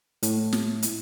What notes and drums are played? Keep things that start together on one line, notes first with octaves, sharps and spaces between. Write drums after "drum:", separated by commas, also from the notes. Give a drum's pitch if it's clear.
A2, drum: hi-hat
drum: snare
drum: hi-hat